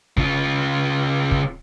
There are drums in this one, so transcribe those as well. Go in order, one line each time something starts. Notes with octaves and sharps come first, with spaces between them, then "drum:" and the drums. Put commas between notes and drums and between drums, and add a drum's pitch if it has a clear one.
C#3 F4, drum: kick
drum: kick